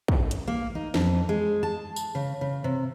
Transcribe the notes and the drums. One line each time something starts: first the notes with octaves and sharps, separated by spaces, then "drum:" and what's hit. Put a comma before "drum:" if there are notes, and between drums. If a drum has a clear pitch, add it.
drum: kick
drum: hi-hat
A#3
D#4
F2, drum: snare
G#3
A5
drum: tambourine
C#3
C#3
C3